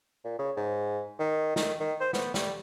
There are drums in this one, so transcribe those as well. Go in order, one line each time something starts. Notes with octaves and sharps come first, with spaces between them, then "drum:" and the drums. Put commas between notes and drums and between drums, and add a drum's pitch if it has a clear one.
A#2
C#3
G#2
D#3
D#3, drum: snare
D#3
C5
B3, drum: snare
G3, drum: snare